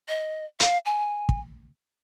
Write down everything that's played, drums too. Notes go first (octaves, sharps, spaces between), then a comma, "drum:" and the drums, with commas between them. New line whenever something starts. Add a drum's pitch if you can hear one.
D#5
F5, drum: hi-hat
G#5
drum: kick